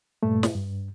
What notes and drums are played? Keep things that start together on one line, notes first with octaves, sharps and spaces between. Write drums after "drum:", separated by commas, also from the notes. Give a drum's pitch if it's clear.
G2 A#2 A3
drum: snare
G2